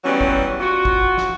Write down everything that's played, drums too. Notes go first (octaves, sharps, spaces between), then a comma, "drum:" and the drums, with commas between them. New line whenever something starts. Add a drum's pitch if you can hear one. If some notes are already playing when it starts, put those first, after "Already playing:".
E3 F#3 G3 B3 C#4
drum: kick
F4 F#4
drum: kick
drum: snare